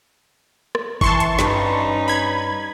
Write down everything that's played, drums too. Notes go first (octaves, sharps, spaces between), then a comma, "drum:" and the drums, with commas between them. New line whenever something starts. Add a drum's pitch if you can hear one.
drum: rim click
E3 A5 C6 C#6, drum: kick G1
drum: hi-hat
G2 C#4 D#4 B4, drum: snare
B5 G#6